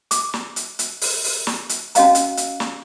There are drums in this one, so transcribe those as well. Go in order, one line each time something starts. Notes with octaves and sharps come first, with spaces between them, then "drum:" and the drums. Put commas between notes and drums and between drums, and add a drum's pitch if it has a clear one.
D6, drum: hi-hat
drum: snare
drum: hi-hat
drum: hi-hat
drum: open hi-hat
drum: open hi-hat
drum: snare
drum: hi-hat
C#4 F#4 D#5 F5 A#5, drum: hi-hat
drum: hi-hat
drum: hi-hat
drum: snare